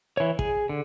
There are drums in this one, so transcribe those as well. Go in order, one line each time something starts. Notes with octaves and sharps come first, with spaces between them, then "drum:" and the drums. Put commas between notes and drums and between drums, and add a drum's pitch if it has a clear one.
E3 C#5
G#4, drum: kick
D3